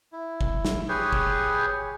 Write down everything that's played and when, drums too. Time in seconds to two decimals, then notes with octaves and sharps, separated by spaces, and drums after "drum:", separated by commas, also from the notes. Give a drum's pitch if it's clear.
0.12 E4
0.41 drum: kick
0.65 drum: snare
0.89 G4 G#4 B4 C#5 G#5
1.13 drum: kick